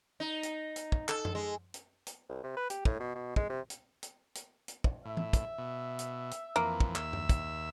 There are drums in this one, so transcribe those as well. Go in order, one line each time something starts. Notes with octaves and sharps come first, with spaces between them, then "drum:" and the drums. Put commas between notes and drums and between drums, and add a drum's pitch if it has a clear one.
D#4
drum: hi-hat
drum: hi-hat
drum: kick
A4, drum: clap
drum: tom F#2
G#3
drum: hi-hat
drum: hi-hat
C2
C3
B4
G4, drum: hi-hat
A2, drum: kick
B2
B2
G#3, drum: kick
C3
drum: hi-hat
drum: hi-hat
drum: hi-hat
drum: hi-hat
drum: kick
A2 E5
drum: tom E3
drum: kick, hi-hat
B2
drum: hi-hat
drum: hi-hat
F2 E3 A#3
drum: kick
D#2 E5 E6, drum: clap
drum: tom F#2
drum: kick, hi-hat